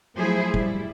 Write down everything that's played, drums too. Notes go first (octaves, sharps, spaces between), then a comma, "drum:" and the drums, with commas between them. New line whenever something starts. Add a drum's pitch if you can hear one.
F3 F#3 A3 E4 G#4 C5
G3 E4, drum: kick